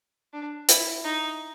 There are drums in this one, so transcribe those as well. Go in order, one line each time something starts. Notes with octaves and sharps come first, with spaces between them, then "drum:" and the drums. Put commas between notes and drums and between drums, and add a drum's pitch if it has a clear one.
D4
E4, drum: hi-hat
D#4